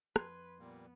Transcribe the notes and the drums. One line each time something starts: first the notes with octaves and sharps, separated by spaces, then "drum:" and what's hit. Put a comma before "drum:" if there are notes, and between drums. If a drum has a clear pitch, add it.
F2 B4 C6 G#6, drum: rim click
A#2 G3 A#3 B3